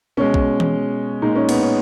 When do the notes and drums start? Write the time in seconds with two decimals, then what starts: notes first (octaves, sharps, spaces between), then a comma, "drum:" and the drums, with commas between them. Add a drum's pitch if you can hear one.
0.17 B2 G#3 C#4
0.34 drum: kick
0.60 drum: tom E3
1.22 A#2 G#3 D#4
1.35 C#4
1.49 B3, drum: cymbal
1.61 C#4